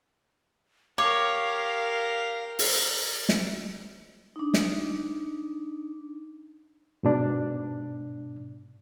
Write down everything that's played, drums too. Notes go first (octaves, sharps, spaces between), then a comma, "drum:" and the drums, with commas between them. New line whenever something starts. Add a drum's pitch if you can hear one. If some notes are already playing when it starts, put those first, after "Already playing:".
G4 A#4 C#5 F5 D6
drum: open hi-hat
drum: snare
D4 D#4
drum: snare
G#2 B2 D4